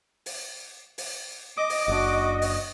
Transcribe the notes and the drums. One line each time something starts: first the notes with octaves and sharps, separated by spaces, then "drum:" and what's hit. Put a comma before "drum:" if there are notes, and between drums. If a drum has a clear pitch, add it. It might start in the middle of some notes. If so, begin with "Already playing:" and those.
drum: open hi-hat
drum: open hi-hat
D#5 D6
drum: open hi-hat
F#1 D4 F#4
drum: open hi-hat